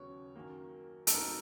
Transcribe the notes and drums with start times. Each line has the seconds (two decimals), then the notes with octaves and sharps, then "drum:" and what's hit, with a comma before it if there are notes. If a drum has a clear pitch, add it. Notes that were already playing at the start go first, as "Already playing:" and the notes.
Already playing: D#2 C#3 F#3 B3 C#5
0.35 F#2 D#3 F#3 A#3
1.07 A4, drum: hi-hat
1.13 B2 F#3 A3 C4 D#4 A#4